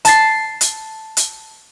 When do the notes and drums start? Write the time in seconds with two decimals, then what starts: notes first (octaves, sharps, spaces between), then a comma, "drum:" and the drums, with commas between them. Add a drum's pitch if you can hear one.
0.05 A5 A6 C7, drum: hi-hat
0.61 drum: hi-hat
1.17 drum: hi-hat